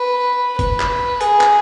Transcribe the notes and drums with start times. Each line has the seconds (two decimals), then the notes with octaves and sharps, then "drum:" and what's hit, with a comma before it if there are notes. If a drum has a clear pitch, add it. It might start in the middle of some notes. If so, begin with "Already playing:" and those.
Already playing: B4
0.59 B4, drum: kick, hi-hat
0.80 drum: clap
1.21 G#4, drum: hi-hat
1.41 drum: clap